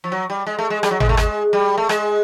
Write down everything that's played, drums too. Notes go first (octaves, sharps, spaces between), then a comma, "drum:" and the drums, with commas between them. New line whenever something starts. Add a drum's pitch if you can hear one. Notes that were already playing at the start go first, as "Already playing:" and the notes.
F3
F#3
G3
G#3
A3
G#3
G3, drum: rim click
F#3
G#3, drum: tom G#1
A3
G#3, drum: rim click
G3
A3
G#3, drum: rim click